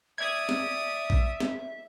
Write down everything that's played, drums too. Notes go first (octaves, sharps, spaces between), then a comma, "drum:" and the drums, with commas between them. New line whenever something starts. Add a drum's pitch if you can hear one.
D5 E5 D#6 G#6
drum: snare
drum: kick A#1
drum: snare